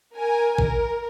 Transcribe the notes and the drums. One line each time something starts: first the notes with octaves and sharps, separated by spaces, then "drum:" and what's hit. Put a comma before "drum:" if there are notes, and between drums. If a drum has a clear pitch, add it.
A#4 G#5
A#4, drum: kick A1